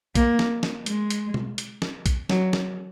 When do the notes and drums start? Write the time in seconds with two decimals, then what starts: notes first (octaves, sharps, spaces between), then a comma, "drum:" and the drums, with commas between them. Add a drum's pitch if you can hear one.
0.15 A#3, drum: kick A#1, hi-hat
0.39 drum: snare
0.63 drum: snare
0.86 G#3, drum: hi-hat
1.10 drum: hi-hat
1.34 drum: tom B2
1.58 drum: hi-hat
1.82 drum: snare
2.06 drum: kick A#1, hi-hat
2.30 F#3, drum: snare
2.53 drum: snare